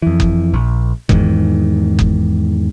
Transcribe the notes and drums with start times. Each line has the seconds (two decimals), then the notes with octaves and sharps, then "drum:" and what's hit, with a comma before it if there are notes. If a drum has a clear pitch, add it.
0.02 F2 E3
0.20 drum: kick F#1
0.54 A#1
1.09 E2 G#2 D#3, drum: kick F#1
1.99 drum: kick F#1